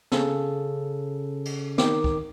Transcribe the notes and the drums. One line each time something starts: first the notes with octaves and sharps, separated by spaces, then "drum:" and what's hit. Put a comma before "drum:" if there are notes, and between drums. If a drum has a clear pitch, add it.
C#3 C#4 A4, drum: snare
drum: cymbal
D#3 D6, drum: snare
drum: kick C2